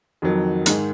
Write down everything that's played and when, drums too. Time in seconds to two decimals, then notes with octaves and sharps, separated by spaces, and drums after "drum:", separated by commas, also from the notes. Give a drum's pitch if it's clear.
0.22 F2 D#3 F#3
0.66 G#2 D#3 G#3, drum: hi-hat